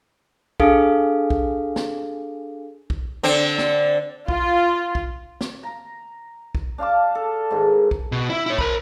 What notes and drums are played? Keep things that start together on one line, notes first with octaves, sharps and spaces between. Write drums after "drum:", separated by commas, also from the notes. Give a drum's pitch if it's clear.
D4 G#4 A4 F5, drum: kick
drum: kick
drum: snare
drum: kick
D3 C4
drum: snare
F4, drum: kick
drum: kick
drum: snare
A#5
drum: kick
D4 F5 A5 D6
A4
G#2 D#3
drum: kick
B2
E4
E4 C#5
A#4 B5, drum: kick